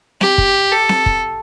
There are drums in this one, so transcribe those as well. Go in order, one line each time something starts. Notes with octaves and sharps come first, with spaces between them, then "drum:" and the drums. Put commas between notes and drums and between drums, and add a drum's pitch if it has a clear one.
G4, drum: snare C4
drum: kick
A4
drum: snare C4
drum: kick